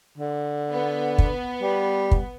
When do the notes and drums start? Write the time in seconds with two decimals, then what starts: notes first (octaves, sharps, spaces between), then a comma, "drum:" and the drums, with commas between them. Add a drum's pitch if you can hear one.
0.18 D3
0.72 B3
1.18 drum: kick
1.62 G3
2.11 drum: kick